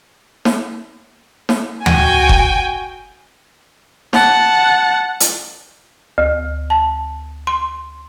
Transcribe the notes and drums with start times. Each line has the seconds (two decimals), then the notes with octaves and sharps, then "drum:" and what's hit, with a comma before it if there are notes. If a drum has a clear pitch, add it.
0.45 drum: snare
1.49 drum: snare
1.86 F#4 G5 G#5, drum: tom D2
2.29 drum: kick F#1
4.13 F#5 A5, drum: snare
5.20 drum: hi-hat
6.18 D2
6.70 A5
7.47 C6